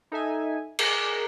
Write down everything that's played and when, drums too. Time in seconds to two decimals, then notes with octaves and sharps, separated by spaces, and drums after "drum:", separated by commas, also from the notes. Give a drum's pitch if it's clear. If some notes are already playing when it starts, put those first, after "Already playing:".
0.12 D#4 A4 E5 G#5
0.79 G#4 A#4 A#5 D6 F#6, drum: cymbal